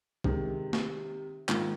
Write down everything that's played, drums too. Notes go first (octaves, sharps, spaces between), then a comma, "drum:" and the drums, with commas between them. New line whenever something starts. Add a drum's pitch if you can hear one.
C3 D#3 G#3, drum: kick
drum: snare
G#2 D#3 A#3 F4, drum: clap